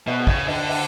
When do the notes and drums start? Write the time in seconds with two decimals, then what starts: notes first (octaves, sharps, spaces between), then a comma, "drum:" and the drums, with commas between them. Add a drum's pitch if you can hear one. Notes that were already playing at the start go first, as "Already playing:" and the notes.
0.07 B2, drum: cymbal
0.27 C#3, drum: kick, cymbal
0.48 D3, drum: cymbal
0.69 drum: cymbal